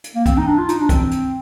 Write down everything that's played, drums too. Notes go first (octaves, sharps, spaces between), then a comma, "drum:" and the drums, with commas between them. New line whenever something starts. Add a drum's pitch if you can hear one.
drum: hi-hat
A#3
C4, drum: kick C2, hi-hat
D#4
D4
F4
D#4, drum: hi-hat
D4
C4, drum: kick C2, hi-hat
drum: hi-hat